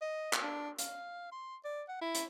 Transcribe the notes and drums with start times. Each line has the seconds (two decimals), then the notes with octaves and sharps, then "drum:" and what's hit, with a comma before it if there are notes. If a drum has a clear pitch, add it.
0.01 D#5
0.33 drum: clap
0.43 D4
0.79 F5, drum: hi-hat
1.32 C6
1.64 D5
1.88 F#5
2.01 E4
2.15 drum: hi-hat